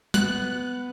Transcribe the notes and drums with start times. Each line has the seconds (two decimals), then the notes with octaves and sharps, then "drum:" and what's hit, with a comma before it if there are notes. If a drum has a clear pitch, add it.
0.14 B3 F#6, drum: snare